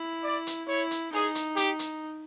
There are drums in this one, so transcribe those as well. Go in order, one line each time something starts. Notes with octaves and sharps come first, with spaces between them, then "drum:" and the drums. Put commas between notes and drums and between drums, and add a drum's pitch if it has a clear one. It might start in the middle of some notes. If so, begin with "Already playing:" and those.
Already playing: E4
D5
drum: hi-hat
E4 C#5
drum: hi-hat
D#4 G#4, drum: open hi-hat
drum: hi-hat
G4, drum: hi-hat
drum: hi-hat